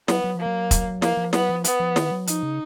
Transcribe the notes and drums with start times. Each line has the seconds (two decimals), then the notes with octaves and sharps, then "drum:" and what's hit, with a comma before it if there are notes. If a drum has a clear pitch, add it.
0.08 F#3 B3, drum: snare
0.24 F#3
0.35 F3 A#3
0.46 F#3
0.71 drum: kick, hi-hat
1.02 F3 A#3, drum: snare
1.17 F3
1.33 F#3 B3, drum: snare
1.49 F3
1.64 B3, drum: hi-hat
1.80 F3
1.96 D#3, drum: snare
2.11 F#3
2.27 F3 D#4, drum: hi-hat
2.43 C#3